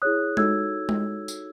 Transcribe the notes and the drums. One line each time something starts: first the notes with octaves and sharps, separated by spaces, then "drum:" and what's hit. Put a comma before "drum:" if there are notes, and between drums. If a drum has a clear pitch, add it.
E4 G#4 C#5 D#6 F#6
D#4 F#4 A4 C#5 E6 G#6, drum: tom G#3
drum: tom G#3
drum: tambourine